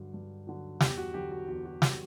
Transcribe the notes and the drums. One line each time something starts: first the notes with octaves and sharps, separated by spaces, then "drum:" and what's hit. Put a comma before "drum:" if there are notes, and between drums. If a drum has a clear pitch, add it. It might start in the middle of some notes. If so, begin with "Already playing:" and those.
Already playing: G2 D3 F#3
G2
D3 F#3
E2 G4, drum: snare
F#4
D3 F#3 G4
F#4
E2 F#4
F#4
D3 F#3 G4, drum: snare